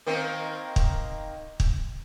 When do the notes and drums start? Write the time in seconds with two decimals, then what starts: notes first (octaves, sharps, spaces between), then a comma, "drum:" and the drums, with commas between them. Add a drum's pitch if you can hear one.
0.07 D#3 A#3 C4
0.76 drum: kick
1.60 drum: kick